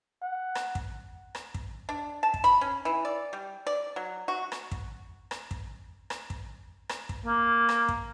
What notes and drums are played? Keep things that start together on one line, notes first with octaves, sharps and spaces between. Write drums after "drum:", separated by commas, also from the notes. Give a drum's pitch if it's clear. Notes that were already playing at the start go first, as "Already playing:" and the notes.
F#5
drum: rim click
drum: kick
drum: rim click
drum: kick
D4
A5
drum: kick
B5
C#4
E3
D5
G3
D5
F#3
F#4
drum: rim click
drum: kick
drum: rim click
drum: kick
drum: rim click
drum: kick
drum: rim click
drum: kick
A#3
drum: rim click
drum: kick